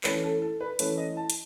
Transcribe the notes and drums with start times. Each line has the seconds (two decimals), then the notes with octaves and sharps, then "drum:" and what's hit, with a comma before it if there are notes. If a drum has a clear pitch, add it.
0.04 E3 A3 C#4 B4, drum: clap
0.24 A4
0.42 A4
0.60 B4
0.79 E3 A3 C#4 B4, drum: hi-hat
0.98 D#5
1.17 A5
1.30 drum: hi-hat